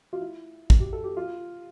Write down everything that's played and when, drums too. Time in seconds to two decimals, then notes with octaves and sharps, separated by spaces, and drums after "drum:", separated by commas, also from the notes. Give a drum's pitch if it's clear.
0.13 F4
0.21 E4
0.70 drum: kick
0.80 G4
0.93 A4
1.04 G4
1.17 F4